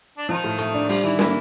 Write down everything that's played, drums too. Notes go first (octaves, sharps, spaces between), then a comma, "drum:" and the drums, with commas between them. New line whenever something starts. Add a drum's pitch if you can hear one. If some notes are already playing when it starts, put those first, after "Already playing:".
D4
D#3 F3 D#4
A2
A3, drum: hi-hat
D4
F3 G3 F4, drum: open hi-hat
D#3 E3 E4
E3 A#3 E4, drum: snare